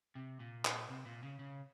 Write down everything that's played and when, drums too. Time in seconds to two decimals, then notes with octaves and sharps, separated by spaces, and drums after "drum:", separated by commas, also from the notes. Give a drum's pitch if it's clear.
0.15 C3
0.40 A#2
0.65 drum: clap
0.89 C3
1.06 A#2
1.23 C#3
1.39 C#3